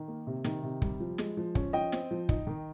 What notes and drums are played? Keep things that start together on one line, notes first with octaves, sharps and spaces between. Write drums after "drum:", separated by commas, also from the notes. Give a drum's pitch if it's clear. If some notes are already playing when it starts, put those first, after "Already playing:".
Already playing: D#3
A#3
C3
D#3, drum: snare
C3
G3, drum: kick
F3
G#3, drum: snare
F3
C#4, drum: kick
F3 D#5 G5
C4, drum: snare
F3
D#4, drum: kick
D#3